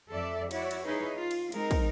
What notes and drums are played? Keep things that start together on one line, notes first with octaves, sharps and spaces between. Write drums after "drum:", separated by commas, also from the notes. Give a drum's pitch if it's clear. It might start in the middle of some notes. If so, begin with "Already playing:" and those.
F2 A4 D5 E5
E4 F#4 C#5 D5, drum: cymbal
drum: cymbal
D#4 E4 G#4 B4 C#5
F4
drum: cymbal
G#3 C4 D#4 A#4, drum: cymbal
drum: kick, cymbal